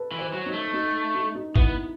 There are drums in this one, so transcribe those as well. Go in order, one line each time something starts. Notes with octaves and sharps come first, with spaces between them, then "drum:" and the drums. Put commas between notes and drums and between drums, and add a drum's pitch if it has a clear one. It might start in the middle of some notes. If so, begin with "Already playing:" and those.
Already playing: A4 B4
E3
C5
F#3
D#4
A3
D#4
D#4
D#4
B3 E4, drum: kick